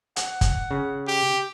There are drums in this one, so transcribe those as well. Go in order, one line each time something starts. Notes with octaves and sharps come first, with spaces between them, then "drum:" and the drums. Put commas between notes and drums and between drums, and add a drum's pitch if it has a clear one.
F#5, drum: hi-hat
drum: kick, hi-hat
C#3
G4